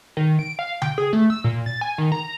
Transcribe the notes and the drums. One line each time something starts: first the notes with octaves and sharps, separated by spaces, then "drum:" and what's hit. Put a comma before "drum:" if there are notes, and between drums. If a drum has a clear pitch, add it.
D#3
D7
F5
G5, drum: tom C#3
G#4
A3
E6
A#2
A6
G#5
D#3
A#5